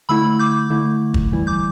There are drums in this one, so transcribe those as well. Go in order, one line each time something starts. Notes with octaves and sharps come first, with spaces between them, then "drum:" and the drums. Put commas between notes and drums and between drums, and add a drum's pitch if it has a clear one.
D3 A3 E4 B5 E6
D6 G6
D3 A3 E4
drum: kick
E3 G3 E4
D6 G6